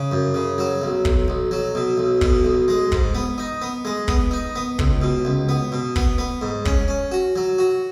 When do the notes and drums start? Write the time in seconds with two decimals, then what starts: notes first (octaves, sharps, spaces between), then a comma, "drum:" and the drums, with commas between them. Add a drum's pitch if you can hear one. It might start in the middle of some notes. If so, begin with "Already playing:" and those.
Already playing: C#3
0.11 F#2
0.34 C#3
0.58 F#3
0.82 B1
1.05 B1, drum: kick
1.28 B1
1.51 F#3
1.75 B2
1.98 B1
2.21 B2, drum: kick
2.45 B1
2.68 G#3
2.92 G#2, drum: kick
3.15 B3
3.38 D#4
3.62 B3
3.85 G#3
4.08 B3, drum: kick
4.31 D#4
4.56 B3
4.79 C#2, drum: kick
5.02 B2
5.25 C#2
5.49 B3
5.72 B2
5.96 B3, drum: kick
6.18 B3
6.41 G#2
6.65 C#4, drum: kick
6.88 C#4
7.12 F#4
7.36 F#3
7.58 F#4